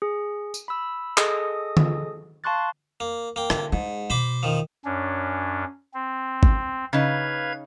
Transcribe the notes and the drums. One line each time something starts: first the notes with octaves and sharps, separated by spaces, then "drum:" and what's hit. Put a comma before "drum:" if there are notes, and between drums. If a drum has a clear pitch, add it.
G#4
drum: tambourine
B5 E6
G#4 A4 D#5 D#6, drum: clap
drum: tom D3
F5 A5 C6 C#6 F#6 A6
A#3
A#3 G5
D3, drum: rim click
G#2 G#3
B2 C5 B5 D6
D#3 F3
F#2 C#4 D4
C4
drum: kick G#1
C#3 D#4 B4 F5 G#6